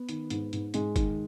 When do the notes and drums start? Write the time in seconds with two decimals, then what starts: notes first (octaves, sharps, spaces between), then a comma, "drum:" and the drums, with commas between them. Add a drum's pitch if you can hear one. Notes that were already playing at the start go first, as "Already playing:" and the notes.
Already playing: B3
0.09 D#3, drum: hi-hat
0.30 G#2, drum: hi-hat
0.53 G#2, drum: hi-hat
0.74 G#2 G#3, drum: hi-hat
0.96 D#3, drum: kick, hi-hat